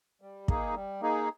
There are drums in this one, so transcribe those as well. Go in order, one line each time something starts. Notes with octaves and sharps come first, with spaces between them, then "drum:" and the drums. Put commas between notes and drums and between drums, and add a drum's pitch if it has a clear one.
G3
A#3 D#4 G#4, drum: kick
G3
A#3 D#4 G#4